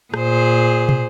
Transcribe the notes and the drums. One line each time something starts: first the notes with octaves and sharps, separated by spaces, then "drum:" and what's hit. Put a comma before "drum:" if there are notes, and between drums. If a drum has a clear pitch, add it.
A#2 G#4 C5, drum: rim click
drum: tom